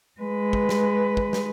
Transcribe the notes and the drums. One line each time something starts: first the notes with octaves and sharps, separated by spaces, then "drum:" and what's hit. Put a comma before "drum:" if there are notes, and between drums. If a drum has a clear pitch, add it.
G#3 B4
drum: kick
drum: snare
drum: kick
drum: snare